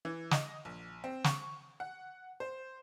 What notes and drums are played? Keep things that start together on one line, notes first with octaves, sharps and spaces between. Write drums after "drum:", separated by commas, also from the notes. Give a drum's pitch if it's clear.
E3
D#5, drum: snare
A#1
C4
C#6, drum: snare
F#5
C5